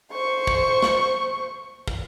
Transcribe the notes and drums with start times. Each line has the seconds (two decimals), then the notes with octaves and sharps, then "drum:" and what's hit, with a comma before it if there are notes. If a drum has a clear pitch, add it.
0.12 C5 C#6
0.47 drum: kick
0.82 drum: snare
1.88 drum: kick